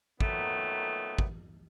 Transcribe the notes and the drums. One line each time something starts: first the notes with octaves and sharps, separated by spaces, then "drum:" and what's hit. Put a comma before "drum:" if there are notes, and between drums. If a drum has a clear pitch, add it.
A#2 D#3 F#3 A3 B3, drum: kick
drum: kick